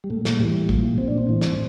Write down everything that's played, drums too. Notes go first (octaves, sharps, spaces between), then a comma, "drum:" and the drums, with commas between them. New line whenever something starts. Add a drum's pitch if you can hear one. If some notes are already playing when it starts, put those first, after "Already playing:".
G3
A#2 A3
A3, drum: snare
A2 E3 G3
A#2 F3, drum: kick
A#2 C4
D4
C4
A2 E3
drum: snare